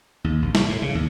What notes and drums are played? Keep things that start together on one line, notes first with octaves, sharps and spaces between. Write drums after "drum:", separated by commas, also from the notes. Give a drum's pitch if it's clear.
D#2
A#1
C#3, drum: snare
A2
C#3
D#2